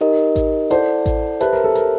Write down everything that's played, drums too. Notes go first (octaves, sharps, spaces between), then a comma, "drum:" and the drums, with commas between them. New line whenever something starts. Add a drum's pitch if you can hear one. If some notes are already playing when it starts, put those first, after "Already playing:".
D#4 G4 A#4 D#5
drum: kick A1, hi-hat
E4 A4 C5 D5 F#5 A5, drum: hi-hat
drum: kick A1, hi-hat
G4 B4 C5 E5 A5, drum: hi-hat
A#4
A4
A#4, drum: hi-hat